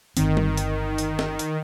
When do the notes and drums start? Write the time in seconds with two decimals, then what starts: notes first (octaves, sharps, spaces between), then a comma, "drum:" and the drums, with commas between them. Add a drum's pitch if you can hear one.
0.17 G1 D#3 C4, drum: hi-hat
0.37 drum: tom G3
0.57 drum: hi-hat
0.98 drum: hi-hat
1.19 drum: snare
1.39 drum: hi-hat